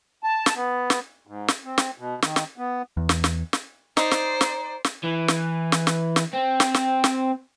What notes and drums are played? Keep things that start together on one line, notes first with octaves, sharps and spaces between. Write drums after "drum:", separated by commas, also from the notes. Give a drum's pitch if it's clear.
A5
drum: snare
B3
drum: snare
G#2
drum: snare
C4
drum: snare
B2
D#3, drum: snare
drum: snare
B3
E2
drum: snare
drum: snare
drum: snare
D#4 C5 D5, drum: snare
drum: snare
drum: snare
drum: snare
E3
drum: snare
drum: snare
drum: snare
drum: snare
C4
drum: snare
drum: snare
drum: snare